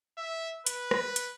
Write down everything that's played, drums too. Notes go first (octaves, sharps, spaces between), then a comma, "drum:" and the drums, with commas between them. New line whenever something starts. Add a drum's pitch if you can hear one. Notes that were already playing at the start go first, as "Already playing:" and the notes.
E5
B4, drum: hi-hat
drum: rim click
drum: hi-hat